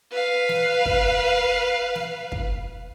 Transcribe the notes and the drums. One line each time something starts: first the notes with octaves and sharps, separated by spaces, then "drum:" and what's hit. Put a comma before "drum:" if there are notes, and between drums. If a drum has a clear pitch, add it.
B4 F5
drum: snare
drum: kick
drum: snare
drum: kick